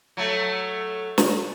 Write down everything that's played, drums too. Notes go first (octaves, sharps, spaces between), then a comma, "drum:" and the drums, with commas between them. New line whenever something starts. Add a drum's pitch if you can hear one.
F#3 A3
drum: snare